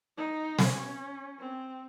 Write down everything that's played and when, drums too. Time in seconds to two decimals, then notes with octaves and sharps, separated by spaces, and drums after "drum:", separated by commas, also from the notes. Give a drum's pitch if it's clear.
0.18 D#4
0.59 C#4, drum: snare
1.39 C4